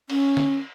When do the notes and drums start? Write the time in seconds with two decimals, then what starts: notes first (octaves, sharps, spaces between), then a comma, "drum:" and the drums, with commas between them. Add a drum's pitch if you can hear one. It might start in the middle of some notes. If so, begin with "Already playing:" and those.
0.10 C#4, drum: cymbal
0.37 drum: snare